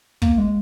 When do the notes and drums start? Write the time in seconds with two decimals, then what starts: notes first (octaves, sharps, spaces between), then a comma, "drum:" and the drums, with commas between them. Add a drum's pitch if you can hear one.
0.22 A#3, drum: kick
0.38 G#3